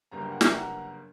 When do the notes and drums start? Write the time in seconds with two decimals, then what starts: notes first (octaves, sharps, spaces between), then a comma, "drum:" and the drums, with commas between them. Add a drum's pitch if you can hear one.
0.12 G1 F#2 C#3 G3 A#3 A#5
0.22 G5
0.31 F#5
0.41 E5 G5, drum: snare
0.56 F#5 A#5